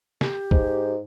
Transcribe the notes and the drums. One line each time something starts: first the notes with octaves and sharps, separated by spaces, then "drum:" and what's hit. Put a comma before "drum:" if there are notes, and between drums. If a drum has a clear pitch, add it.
G4, drum: snare
G#2, drum: kick